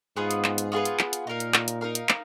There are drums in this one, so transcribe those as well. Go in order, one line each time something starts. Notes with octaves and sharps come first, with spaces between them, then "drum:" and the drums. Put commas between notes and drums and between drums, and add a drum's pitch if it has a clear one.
G#2 B3 F4 G#4 B4
drum: hi-hat
drum: clap
drum: hi-hat
B3 F4 G#4 B4
drum: hi-hat
drum: clap
drum: hi-hat
A#2 D#4 A#4 F5
drum: hi-hat
drum: clap
drum: hi-hat
D#4 A#4 F5
drum: hi-hat
drum: clap